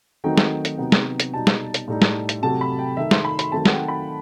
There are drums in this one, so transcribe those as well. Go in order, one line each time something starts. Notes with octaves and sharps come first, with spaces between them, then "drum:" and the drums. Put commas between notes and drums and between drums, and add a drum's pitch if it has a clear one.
D#3 F#3 A3 C4 D#4 G5
drum: snare
drum: hi-hat
C3 F#3 B3 D#4
drum: snare
drum: hi-hat
B2 G3 D#4 A5
drum: snare
drum: hi-hat
A2 G3 D#4
drum: snare
drum: hi-hat
C3 F#3 A3 A5
B5
G5
D#3 A3 D#4 E5
C6, drum: snare
B5
B5, drum: hi-hat
D#3 F#3 A3 C4 A5
F#5, drum: snare
G5
B5